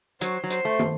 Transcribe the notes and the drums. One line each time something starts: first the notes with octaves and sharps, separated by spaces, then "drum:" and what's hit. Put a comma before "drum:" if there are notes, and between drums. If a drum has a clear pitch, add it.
F#3 C5, drum: hi-hat
F#3
C5, drum: hi-hat
A3
drum: tom